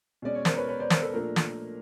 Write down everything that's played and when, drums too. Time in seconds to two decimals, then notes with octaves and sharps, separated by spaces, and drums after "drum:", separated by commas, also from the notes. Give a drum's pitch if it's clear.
0.22 B2 G#3 C#4 D5
0.35 C#5
0.45 A#4 C5, drum: snare
0.57 B4 C#5
0.68 B4 C#5
0.80 C5 D5
0.90 A#4 C5, drum: snare
1.02 A4 B4
1.13 A#2 F3 A3 D4 A#4
1.36 drum: snare